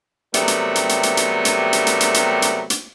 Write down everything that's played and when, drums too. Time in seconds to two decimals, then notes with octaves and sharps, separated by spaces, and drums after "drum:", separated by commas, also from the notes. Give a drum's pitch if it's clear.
0.34 C3 F#3 G3 A3 B3 A#4, drum: hi-hat
0.48 drum: hi-hat
0.75 drum: hi-hat
0.89 drum: hi-hat
1.03 drum: hi-hat
1.17 drum: hi-hat
1.45 drum: hi-hat
1.73 drum: hi-hat
1.87 drum: hi-hat
2.00 drum: hi-hat
2.14 drum: hi-hat
2.42 drum: hi-hat
2.70 drum: hi-hat